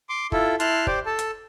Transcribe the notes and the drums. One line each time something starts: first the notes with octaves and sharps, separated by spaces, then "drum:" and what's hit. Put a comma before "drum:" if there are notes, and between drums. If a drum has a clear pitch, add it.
C6 D6
E4 F4 A4, drum: kick
E4 A5 C6 F6 F#6, drum: hi-hat
G4 C5 D5, drum: kick
A4 A5
drum: hi-hat